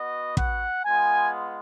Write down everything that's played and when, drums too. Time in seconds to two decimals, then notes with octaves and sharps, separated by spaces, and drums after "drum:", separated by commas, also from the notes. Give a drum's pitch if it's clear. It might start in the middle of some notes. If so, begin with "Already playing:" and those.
Already playing: B3 F#4 D#5
0.37 F#5, drum: kick
0.85 G#3 B3 F4 G#5